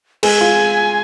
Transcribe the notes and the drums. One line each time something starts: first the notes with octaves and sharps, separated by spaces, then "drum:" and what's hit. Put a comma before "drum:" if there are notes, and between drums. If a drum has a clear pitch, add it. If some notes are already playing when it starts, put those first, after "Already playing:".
G#3 G#5, drum: cymbal
F4